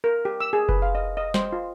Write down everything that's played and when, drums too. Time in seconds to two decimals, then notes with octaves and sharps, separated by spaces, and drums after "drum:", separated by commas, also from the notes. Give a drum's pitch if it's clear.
0.04 A#4
0.25 G4
0.41 E6
0.53 G#4
0.69 B4, drum: kick F#1
0.82 F5
0.95 D#5
1.17 D#5
1.34 C5, drum: snare
1.52 F4